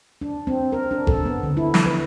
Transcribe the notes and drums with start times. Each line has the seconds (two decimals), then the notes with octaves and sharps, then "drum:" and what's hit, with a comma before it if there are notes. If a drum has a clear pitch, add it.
0.22 D4
0.47 C4
0.72 A#4
0.91 D4
1.07 A4, drum: kick F#1
1.26 B3
1.43 D3
1.57 E4
1.74 drum: snare
1.86 B4